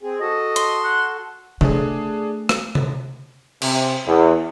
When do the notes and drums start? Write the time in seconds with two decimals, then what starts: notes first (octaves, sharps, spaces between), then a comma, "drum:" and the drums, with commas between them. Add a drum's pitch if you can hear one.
0.03 C4 G#4
0.21 F#4 A4 D#5
0.56 C6, drum: hi-hat
0.84 F#5
1.61 A3 D4 G#4, drum: tom C3
2.49 drum: rim click
2.75 drum: tom C3
3.62 C3, drum: cymbal
4.07 E2